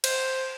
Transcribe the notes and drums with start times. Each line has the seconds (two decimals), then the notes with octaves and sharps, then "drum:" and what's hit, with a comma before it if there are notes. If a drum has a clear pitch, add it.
0.04 C5, drum: cymbal